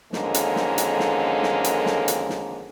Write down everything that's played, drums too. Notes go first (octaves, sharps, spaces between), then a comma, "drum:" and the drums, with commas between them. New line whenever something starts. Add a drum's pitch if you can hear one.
F2 D3 D#3 G#3 A#3 C#4, drum: snare
drum: hi-hat
drum: snare
drum: hi-hat
drum: snare
drum: snare
drum: hi-hat
drum: snare
drum: hi-hat
drum: snare